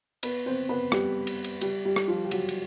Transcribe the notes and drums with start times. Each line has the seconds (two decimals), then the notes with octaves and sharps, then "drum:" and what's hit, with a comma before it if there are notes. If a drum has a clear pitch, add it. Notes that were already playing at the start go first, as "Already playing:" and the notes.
0.23 B3 B4, drum: cymbal
0.46 C4 C5
0.69 B3 B4
0.92 G3 G4, drum: rim click
1.27 drum: cymbal
1.44 drum: cymbal
1.61 G3 G4, drum: cymbal
1.85 G3 G4
1.96 drum: rim click
2.07 F3 F4
2.25 G4
2.31 F#3 F#4, drum: cymbal
2.48 drum: cymbal